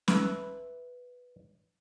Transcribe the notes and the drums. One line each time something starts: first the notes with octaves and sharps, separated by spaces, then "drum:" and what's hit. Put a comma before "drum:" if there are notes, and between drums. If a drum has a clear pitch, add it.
B4 E5, drum: snare